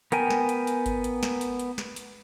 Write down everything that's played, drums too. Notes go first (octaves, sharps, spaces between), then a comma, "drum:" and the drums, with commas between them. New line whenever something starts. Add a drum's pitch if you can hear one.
B3 A#4 G5 G#5, drum: hi-hat
drum: snare
drum: hi-hat
drum: hi-hat
drum: kick G#1, hi-hat
drum: hi-hat
drum: snare
drum: hi-hat
drum: hi-hat
drum: snare
drum: hi-hat